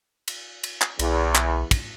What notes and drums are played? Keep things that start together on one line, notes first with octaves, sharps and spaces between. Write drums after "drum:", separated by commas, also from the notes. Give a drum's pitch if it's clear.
drum: cymbal
drum: cymbal
drum: clap
B1 E2, drum: cymbal
drum: clap
drum: kick, cymbal